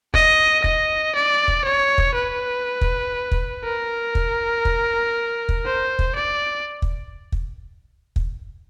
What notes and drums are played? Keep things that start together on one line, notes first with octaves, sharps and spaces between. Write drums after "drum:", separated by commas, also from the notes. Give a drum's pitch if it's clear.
D#5, drum: kick
D#5, drum: kick
D5
drum: kick
C#5
drum: kick
B4
drum: kick
drum: kick
A#4
drum: kick
drum: kick
drum: kick
C5
drum: kick
D5
drum: kick
drum: kick
drum: kick